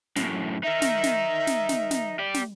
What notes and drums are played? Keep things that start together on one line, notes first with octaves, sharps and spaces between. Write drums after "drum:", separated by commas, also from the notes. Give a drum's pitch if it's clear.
F#2 A2, drum: snare
D#4 A#4 E5
drum: snare
drum: snare
drum: snare
drum: snare
drum: snare
G4 D5
drum: snare